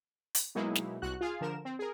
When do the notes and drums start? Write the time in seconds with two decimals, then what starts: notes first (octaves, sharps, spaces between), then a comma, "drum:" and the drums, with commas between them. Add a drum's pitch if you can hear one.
0.35 drum: hi-hat
0.55 B2 F#3 G#3 A#3 D#4 E4
0.75 drum: snare
1.02 C2 F#4 F#6
1.21 F4 G#4 F5
1.41 D3 F3 A#4 E7
1.65 C4
1.79 G#4 A#4